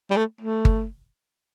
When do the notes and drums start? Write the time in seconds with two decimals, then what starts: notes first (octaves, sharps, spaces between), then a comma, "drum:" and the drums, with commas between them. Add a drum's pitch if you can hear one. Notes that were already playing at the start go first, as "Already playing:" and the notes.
0.11 G3
0.17 A3
0.41 A3
0.65 drum: kick G1